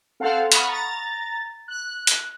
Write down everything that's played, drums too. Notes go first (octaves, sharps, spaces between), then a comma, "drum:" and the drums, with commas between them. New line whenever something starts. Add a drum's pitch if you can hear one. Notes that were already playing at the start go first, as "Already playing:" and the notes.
C4 A4 F5 F#5
F#5 B5 C#6 D#6 F6, drum: hi-hat
A#5 A6
F#6
drum: hi-hat